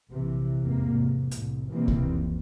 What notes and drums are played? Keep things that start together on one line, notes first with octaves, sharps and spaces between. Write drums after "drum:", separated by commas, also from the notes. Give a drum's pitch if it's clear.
A#1 C3 E3
F1 E2 G#2 C3 A#3
C3
C2 A2, drum: hi-hat
B2 D#3 E3 G3 A#3 C4
drum: kick C2
F2